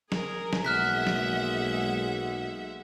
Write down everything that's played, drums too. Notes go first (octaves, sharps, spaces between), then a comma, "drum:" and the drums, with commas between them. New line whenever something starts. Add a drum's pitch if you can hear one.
G#4 A#4, drum: snare
drum: snare
B1 G#3 A#3 E5 F#5 F6 F#6 B6
drum: snare